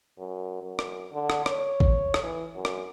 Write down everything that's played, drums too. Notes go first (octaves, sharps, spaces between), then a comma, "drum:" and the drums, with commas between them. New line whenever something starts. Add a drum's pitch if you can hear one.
F#2
F#2
drum: rim click
D3
drum: rim click
C#5, drum: rim click
drum: kick A1
drum: rim click
E3
F#2
drum: rim click